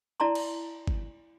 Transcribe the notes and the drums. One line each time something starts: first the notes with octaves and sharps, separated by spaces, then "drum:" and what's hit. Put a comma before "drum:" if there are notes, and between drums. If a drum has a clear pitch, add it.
E4 D5 A5 A#5 C6
drum: cymbal
drum: kick G1